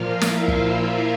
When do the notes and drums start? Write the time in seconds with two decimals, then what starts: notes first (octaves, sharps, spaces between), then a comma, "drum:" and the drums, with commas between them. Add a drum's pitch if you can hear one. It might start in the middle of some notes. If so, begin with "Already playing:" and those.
Already playing: A#2 F3 A#3 F4 F5
0.21 E4 E5, drum: snare
0.48 drum: kick